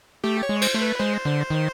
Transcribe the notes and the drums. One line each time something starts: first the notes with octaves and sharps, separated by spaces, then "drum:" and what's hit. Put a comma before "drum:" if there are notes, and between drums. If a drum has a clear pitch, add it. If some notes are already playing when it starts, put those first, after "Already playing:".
A3 G4
C#5
G#3
C5, drum: cymbal
A3
B4
G#3 C5
D3
D#3